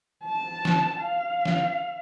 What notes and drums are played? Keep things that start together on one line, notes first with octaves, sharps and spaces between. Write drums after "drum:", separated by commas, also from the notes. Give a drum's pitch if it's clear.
A5
drum: snare
F5
drum: snare